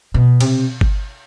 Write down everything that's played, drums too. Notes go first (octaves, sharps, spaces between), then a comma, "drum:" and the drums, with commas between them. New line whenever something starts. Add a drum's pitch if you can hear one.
B2
C3, drum: cymbal
drum: kick G1